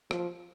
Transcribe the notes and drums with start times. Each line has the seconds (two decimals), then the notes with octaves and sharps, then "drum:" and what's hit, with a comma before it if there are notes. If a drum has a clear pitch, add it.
0.11 F3, drum: rim click